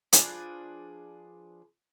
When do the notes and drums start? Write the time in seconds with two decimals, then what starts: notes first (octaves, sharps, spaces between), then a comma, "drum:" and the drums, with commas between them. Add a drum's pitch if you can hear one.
0.13 F3 D4 G#4 B4, drum: hi-hat